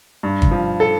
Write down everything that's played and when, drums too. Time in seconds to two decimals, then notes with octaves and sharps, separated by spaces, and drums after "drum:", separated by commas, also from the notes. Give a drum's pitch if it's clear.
0.23 G2
0.42 drum: kick
0.51 F3
0.80 A4